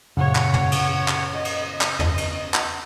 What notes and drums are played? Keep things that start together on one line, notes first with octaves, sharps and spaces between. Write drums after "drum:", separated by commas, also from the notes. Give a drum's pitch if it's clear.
F#2 A#2 C#3 C#5 F#5
drum: clap
drum: tom
drum: cymbal
drum: clap
D#5
drum: cymbal
drum: clap
drum: tom
drum: cymbal
drum: clap